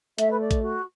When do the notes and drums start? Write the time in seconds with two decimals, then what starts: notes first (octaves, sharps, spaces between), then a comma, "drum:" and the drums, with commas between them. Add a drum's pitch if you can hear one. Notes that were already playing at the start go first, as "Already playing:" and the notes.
0.18 A3 E5, drum: hi-hat
0.31 B4
0.40 D5
0.51 drum: kick A#1, hi-hat
0.62 F#4